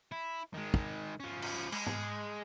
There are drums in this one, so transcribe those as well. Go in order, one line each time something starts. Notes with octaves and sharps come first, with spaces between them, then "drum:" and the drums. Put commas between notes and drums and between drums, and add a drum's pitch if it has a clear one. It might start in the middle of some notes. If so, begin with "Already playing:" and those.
E4
D#3 G#3
drum: kick
F3 C#4
drum: cymbal
G#3, drum: cymbal
drum: tom G#2